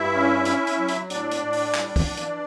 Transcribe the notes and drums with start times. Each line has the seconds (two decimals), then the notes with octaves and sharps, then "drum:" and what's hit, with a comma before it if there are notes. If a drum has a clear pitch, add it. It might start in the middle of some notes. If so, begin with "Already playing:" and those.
Already playing: G2 E4 E5
0.13 C#4
0.45 C#4, drum: hi-hat
0.67 drum: hi-hat
0.78 F#3
0.88 drum: hi-hat
1.10 A2 D4 D5, drum: hi-hat
1.31 drum: hi-hat
1.42 A2
1.53 drum: open hi-hat
1.74 G3, drum: clap
1.96 drum: kick, open hi-hat
2.07 E3
2.17 drum: hi-hat